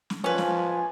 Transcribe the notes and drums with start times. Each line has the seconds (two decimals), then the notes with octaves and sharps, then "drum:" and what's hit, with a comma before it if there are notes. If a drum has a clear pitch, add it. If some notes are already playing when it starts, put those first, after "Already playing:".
0.10 drum: snare
0.24 F3 C#4 B4 G#5
0.38 drum: snare